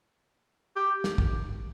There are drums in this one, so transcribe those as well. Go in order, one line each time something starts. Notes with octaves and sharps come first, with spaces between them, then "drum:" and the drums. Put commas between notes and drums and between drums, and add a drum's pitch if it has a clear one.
G4
drum: snare
drum: kick